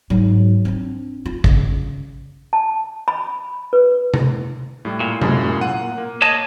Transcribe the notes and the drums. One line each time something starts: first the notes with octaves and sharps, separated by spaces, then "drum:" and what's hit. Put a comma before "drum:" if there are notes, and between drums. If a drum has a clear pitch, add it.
G#2 F#3
C4 D4
F4
C#3, drum: kick
A5
B5
B4
drum: tom C3
A2 G3
A#2
F#2 A2 G#3, drum: tom C3
F#5 D#7
A#3
C#5 D#5 A5